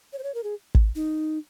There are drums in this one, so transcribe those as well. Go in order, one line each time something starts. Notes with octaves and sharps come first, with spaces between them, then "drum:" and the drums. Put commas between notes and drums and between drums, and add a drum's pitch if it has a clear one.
C#5
C5
C#5
A#4
G#4
drum: kick
D#4